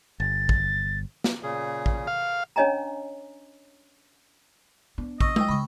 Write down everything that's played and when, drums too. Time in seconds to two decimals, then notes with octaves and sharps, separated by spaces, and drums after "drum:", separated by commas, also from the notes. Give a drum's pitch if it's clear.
0.20 G1 A6
0.49 drum: kick
1.24 drum: snare
1.43 A#2 C#3 G#4
1.86 drum: kick
2.07 F5
2.56 C#4 D4 C#5 D#5 G#5 A#5
4.98 B3 D4
5.20 D#5 C#6 E6 A#6, drum: kick
5.36 G5 D#6 E6, drum: tom G#3
5.48 C#3 G#3 B5 C#6